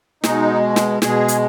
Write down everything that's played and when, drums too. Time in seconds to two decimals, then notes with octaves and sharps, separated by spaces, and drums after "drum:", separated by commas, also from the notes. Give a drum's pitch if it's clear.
0.24 B2 G#3 D#4, drum: snare
0.76 drum: snare
1.02 B2 G#3 G#4, drum: snare
1.28 drum: hi-hat